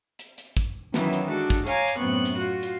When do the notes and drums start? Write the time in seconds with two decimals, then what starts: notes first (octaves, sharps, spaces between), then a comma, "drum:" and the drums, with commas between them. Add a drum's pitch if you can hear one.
0.19 drum: hi-hat
0.38 drum: hi-hat
0.57 drum: kick
0.94 D#3 E3 F#3 B3 C#4 E4, drum: snare
1.13 drum: hi-hat
1.27 G#3 D4 F#4 A4
1.50 drum: kick
1.67 C#5 F5 G#5 A#5 D6, drum: hi-hat
1.88 drum: hi-hat
1.98 F#2 A2 B3 C4 C#6 F#6
2.25 drum: hi-hat
2.36 F4 F#4
2.63 drum: hi-hat